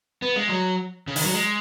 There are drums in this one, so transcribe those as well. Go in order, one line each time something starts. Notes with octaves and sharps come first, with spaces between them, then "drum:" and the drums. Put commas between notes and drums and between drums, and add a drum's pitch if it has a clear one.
B3
G#3
F#3
C#3
D#3, drum: open hi-hat
F#3
G#3